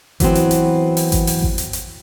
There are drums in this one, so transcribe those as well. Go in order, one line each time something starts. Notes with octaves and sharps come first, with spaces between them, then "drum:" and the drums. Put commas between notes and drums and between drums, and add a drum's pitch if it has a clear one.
E3 F#3 B3 C4, drum: kick G#1, hi-hat
drum: hi-hat
drum: hi-hat
drum: open hi-hat
drum: kick G#1, hi-hat
drum: open hi-hat
drum: kick G#1
drum: hi-hat
drum: hi-hat